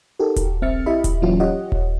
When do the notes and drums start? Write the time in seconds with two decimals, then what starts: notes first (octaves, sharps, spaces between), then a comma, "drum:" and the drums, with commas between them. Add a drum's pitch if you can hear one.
0.19 D#4 F#4 G4 A4 A#4
0.36 drum: kick D#1, hi-hat
0.62 A#1 C4 E5 F6 A6 C#7
0.86 E4 G4 D#5 E5 B5
1.04 drum: kick D#1, hi-hat
1.22 A#2 E3 F#3 C#4 F4 F#4
1.40 F4 G4 C#5 D#5 F#5
1.72 drum: kick D#1